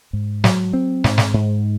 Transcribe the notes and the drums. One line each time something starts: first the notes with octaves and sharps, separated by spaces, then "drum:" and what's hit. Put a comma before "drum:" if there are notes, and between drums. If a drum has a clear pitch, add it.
G#2
F#3, drum: snare
C4
G#2, drum: snare
drum: snare
G#2